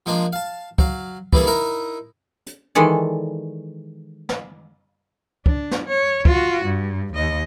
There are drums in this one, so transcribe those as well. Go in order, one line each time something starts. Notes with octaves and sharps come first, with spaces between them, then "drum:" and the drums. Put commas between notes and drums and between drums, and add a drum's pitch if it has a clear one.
F3 G#3 A#3 D4
F5 A5
F#3 F5, drum: kick
E3 G3 A#3 G#4 A4, drum: kick
D#4 E4 A#4 A#5
drum: hi-hat
D#3 E3 G#3 A4 D5
drum: snare
D4, drum: kick
drum: snare
C#5
F4 F#4, drum: kick
G2
D#2 D#5